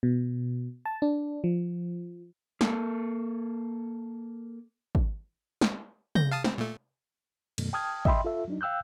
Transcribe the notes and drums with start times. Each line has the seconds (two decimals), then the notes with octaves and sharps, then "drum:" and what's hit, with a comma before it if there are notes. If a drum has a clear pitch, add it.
0.03 B2
0.86 A5
1.02 D4
1.44 F3
2.61 A#3 A4, drum: snare
4.95 drum: kick
5.61 drum: snare
6.15 G6 A#6, drum: tom
6.31 F5 A5 D#6
6.44 C4, drum: snare
6.58 A#2 A3
7.58 F#2 B2 D#3 A3, drum: cymbal
7.73 G5 A5 D#6 F6 G#6
8.05 D#5 E5 G5 B5 C6, drum: kick
8.25 F4 A4 E5
8.48 F#3 D4 D#4
8.61 F5 G5 E6 F#6 G6